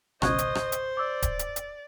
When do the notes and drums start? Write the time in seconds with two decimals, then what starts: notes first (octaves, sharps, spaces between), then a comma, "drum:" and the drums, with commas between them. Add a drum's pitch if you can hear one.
0.22 G#1 C#2 B2 C5 D#5 C#6 F#6 G#6, drum: rim click
0.39 drum: hi-hat
0.55 drum: rim click
0.72 drum: hi-hat
0.97 D5 D6 E6
1.22 drum: kick D1, hi-hat
1.39 drum: hi-hat
1.56 drum: hi-hat